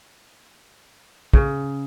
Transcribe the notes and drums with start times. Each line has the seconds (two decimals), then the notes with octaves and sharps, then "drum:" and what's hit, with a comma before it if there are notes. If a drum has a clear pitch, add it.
1.33 C#3, drum: kick